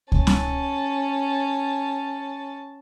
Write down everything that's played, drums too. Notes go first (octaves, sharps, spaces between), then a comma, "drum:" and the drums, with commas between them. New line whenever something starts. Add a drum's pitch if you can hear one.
C#4 A5, drum: kick C#2
drum: snare C#4